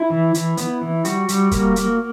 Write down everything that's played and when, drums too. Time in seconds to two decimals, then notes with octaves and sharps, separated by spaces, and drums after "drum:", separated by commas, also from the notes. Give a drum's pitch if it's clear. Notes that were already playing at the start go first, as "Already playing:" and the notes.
Already playing: E4
0.10 E3
0.34 E3, drum: hi-hat
0.57 B3, drum: hi-hat
0.81 E3
1.05 G3 F#4, drum: hi-hat
1.29 G3, drum: hi-hat
1.51 A#3, drum: kick, hi-hat
1.76 A#3, drum: hi-hat